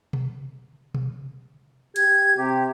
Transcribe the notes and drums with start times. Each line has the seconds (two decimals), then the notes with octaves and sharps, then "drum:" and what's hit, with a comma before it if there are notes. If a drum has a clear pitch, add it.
0.13 drum: tom B2
0.94 drum: tom B2
1.96 G4 G#6, drum: hi-hat
2.37 C3 G4